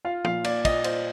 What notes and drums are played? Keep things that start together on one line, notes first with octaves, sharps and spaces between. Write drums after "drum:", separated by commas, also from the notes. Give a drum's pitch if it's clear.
F4 F5
A#2 F5, drum: tom
A#2 D5, drum: cymbal
A#2 D#5, drum: kick, cymbal
F4 C5, drum: cymbal